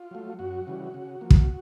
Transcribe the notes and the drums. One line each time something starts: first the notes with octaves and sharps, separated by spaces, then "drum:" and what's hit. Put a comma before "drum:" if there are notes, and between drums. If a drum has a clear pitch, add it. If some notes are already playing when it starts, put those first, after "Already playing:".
Already playing: F4
F#3 A3
F#2 F#4
C#3 E3 G3
C#3
F3 A#3
drum: kick